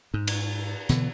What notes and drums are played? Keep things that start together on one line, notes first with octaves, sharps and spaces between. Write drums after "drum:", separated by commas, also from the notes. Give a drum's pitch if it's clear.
G#2
drum: cymbal
B2 D3 E3, drum: hi-hat